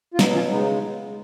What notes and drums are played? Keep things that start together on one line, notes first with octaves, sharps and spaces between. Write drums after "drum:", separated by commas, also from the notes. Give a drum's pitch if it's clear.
F4
B2 F#3 B3 D#4, drum: snare
C#4 F4
C#3 G#3 B3 D#4